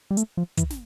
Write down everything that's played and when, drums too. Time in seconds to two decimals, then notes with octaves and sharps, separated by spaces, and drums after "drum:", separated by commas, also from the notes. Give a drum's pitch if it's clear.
0.11 G3
0.17 A3, drum: hi-hat
0.37 F3
0.57 E3, drum: kick, hi-hat
0.71 drum: snare